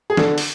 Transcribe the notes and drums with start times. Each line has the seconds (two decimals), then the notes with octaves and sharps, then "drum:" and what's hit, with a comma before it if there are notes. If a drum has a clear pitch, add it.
0.10 G#4
0.17 D3 A4, drum: snare
0.38 drum: open hi-hat